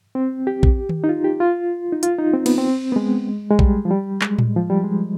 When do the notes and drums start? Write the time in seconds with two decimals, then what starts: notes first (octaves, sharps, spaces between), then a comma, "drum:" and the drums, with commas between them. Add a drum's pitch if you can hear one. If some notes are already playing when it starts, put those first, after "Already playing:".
0.15 C4
0.47 G4
0.63 drum: kick
0.89 drum: tom D#3
1.04 D#4
1.09 F4
1.24 G4
1.40 F4
1.92 D#4
2.03 F4, drum: hi-hat
2.18 D#4
2.34 C4
2.46 B3, drum: cymbal
2.58 C4
2.92 B3
2.96 G#3
3.51 G#3
3.59 G3, drum: kick
3.85 F3
3.91 G3
4.21 G#3, drum: clap
4.38 drum: tom A2
4.56 F3
4.70 G3
4.84 G#3